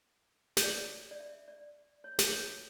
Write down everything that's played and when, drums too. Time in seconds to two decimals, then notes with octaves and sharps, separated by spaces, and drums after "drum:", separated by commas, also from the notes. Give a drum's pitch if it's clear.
0.57 C#5, drum: snare
0.64 D5
1.11 D5
1.20 E5
1.48 D5
2.04 C#5
2.19 C#5, drum: snare
2.33 C#5